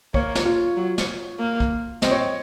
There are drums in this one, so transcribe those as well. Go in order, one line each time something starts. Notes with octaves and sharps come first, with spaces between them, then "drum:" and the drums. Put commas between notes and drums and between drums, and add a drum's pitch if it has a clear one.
A#3 C#5, drum: kick
drum: snare
F4
F#3
drum: snare
A#3
drum: kick
C4 D#5, drum: snare
C#5
D#5